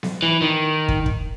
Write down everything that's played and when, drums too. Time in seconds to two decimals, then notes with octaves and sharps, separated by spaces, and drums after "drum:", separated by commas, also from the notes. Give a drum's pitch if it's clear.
0.03 drum: snare B3
0.23 E3
0.42 D#3
0.89 drum: kick
1.06 drum: kick